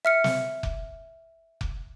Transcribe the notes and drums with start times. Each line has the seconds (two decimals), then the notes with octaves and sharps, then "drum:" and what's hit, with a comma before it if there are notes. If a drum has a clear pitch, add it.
0.05 E5 F6 C#7
0.24 drum: snare
0.63 drum: kick F1
1.61 drum: kick F1